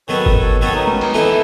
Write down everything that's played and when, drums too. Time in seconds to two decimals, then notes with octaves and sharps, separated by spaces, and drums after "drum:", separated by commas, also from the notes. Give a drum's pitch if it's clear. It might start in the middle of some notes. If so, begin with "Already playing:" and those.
0.08 D#3 F#3 B3 F#4 A4 C#5
0.26 drum: kick G1
0.61 D#3 F#3 B3 F#4 A4 C#5
0.75 D#4
0.87 C#4, drum: tom G#3
1.01 D#4, drum: cymbal
1.14 E3 B3 D#4 E4 A4